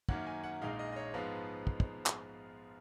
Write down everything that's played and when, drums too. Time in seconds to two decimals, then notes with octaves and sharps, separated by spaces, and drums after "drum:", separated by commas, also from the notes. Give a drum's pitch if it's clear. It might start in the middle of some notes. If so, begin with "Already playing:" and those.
0.09 F#2 D#3 A#3 C#4 F#5, drum: kick
0.27 G#5
0.44 F#5
0.62 A#1 A#2 G#3 D#4 F5
0.79 D#5
0.92 D#5
0.96 C#5
1.14 G#2 F3 G#3 B3 D#4 F5
1.67 drum: kick
1.80 drum: kick
2.06 drum: clap